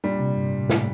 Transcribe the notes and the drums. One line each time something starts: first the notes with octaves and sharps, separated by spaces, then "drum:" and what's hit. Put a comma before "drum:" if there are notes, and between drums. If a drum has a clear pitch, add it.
A#2 G3 D4
C3
G2
A2
A2, drum: snare